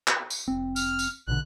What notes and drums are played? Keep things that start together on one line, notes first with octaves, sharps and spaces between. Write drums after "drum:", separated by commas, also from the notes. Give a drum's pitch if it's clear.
drum: clap
drum: tambourine
F1 C4
F6, drum: tambourine
drum: tambourine
A#1 B2 D3 F#6